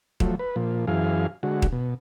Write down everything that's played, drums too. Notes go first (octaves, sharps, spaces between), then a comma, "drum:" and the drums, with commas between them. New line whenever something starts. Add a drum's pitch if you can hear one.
F3 F#3 A3, drum: kick D#1
B4
A#2 F3
F#2 E3 G#4 F5
D3 G#3 F#4
drum: kick D#1
B2